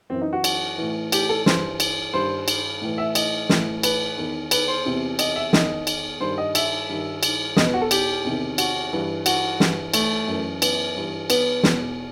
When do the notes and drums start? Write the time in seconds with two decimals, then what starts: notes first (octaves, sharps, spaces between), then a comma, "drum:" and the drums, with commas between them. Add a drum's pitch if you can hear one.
0.10 F#2 E3 C4
0.22 D#4
0.33 F#4
0.44 drum: cymbal
0.78 A2 E3
1.12 G4, drum: cymbal
1.29 A4
1.46 G2 E3 C5, drum: snare
1.80 drum: cymbal
2.13 G2 D#3 C5
2.48 drum: cymbal
2.82 A2 E3
2.98 E5
3.15 D#5, drum: cymbal
3.49 A2 E3, drum: snare
3.83 B4, drum: cymbal
4.17 E2 D#3
4.51 B4, drum: cymbal
4.68 C5
4.85 E2 C3 E3
5.19 D#5, drum: cymbal
5.36 E5
5.53 E2 D#3 D#5, drum: snare
5.87 drum: cymbal
6.21 G2 D#3 C5
6.38 D#5
6.55 E5, drum: cymbal
6.89 G2 D#3
7.23 drum: cymbal
7.56 E2 B2 D#5, drum: snare
7.65 B4
7.74 F#4
7.82 A4
7.91 G4, drum: cymbal
8.24 E2 C3 D#3
8.58 F#4, drum: cymbal
8.93 G2 E3
9.26 F#4, drum: cymbal
9.60 G2 E3, drum: snare
9.94 A3, drum: cymbal
10.28 F#2 E3
10.62 B3, drum: cymbal
10.96 G2 E3
11.30 B3, drum: cymbal
11.63 E2 B2, drum: snare